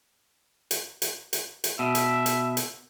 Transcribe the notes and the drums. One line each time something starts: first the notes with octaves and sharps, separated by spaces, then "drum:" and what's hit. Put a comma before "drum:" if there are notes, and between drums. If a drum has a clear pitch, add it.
drum: hi-hat
drum: hi-hat
drum: hi-hat
drum: hi-hat
B2 E5
drum: hi-hat
drum: hi-hat
drum: hi-hat